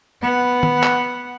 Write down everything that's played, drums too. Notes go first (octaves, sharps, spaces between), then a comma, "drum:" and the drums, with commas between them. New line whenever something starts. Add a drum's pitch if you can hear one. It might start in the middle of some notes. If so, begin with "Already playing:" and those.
B3 F#5
drum: tom
drum: clap